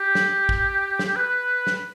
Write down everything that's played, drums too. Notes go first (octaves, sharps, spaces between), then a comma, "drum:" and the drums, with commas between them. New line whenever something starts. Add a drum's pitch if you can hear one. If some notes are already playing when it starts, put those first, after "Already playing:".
Already playing: G4
drum: snare
drum: kick
drum: snare
B4
drum: snare